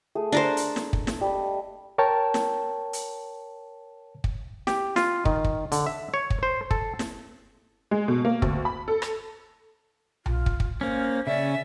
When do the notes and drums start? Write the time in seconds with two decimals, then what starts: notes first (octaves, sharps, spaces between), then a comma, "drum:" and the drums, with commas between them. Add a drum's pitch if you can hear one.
0.15 A3 G#4
0.32 D4 A#4 C5
0.57 drum: hi-hat
0.76 drum: snare
0.93 drum: kick
1.07 drum: snare
1.21 G3 D#5
1.98 A#4 C#5 G5 A5
2.34 drum: snare
2.93 drum: hi-hat
4.24 drum: kick
4.67 G4, drum: snare
4.96 F4, drum: snare
5.25 D#3, drum: kick
5.44 drum: kick
5.72 D3, drum: hi-hat
5.86 E5
6.14 C#5
6.30 drum: kick
6.43 C5
6.71 A4, drum: kick
6.99 drum: snare
7.91 G#3
8.08 B2
8.25 A#3
8.42 D2, drum: kick
8.65 B5
8.88 A4
9.02 drum: rim click
10.26 F4, drum: tom B1
10.46 drum: kick
10.60 drum: kick
10.81 A#3 C#4 C5
11.27 C#3 C#4 D5 E5